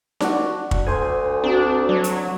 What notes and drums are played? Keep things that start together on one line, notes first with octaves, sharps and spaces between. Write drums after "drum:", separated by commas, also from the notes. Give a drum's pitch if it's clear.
D4 F#4, drum: snare D#4
drum: kick
D2 C5 G#5
C4 D4 F#4
F#3
drum: hi-hat